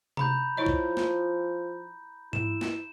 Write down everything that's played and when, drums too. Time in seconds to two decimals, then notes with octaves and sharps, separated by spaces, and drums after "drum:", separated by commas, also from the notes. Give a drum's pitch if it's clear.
0.17 A#5 B5 G6, drum: tom C3
0.57 F3 E4 C#5 D#5
0.66 drum: kick
0.97 drum: snare
2.33 E4 E7, drum: tom G#2
2.61 drum: snare